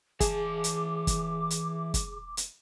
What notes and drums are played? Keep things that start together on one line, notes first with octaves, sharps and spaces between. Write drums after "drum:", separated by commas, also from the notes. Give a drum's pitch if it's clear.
E3 G#4 A5 D6, drum: kick, hi-hat
drum: hi-hat
drum: kick, hi-hat
drum: hi-hat
drum: kick, hi-hat
drum: hi-hat